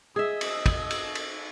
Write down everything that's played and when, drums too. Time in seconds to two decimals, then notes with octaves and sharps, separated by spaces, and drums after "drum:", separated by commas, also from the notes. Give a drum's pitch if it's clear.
0.16 G#4 D#5 E5 E6
0.41 drum: cymbal
0.66 drum: kick, cymbal
0.90 drum: cymbal
1.15 drum: cymbal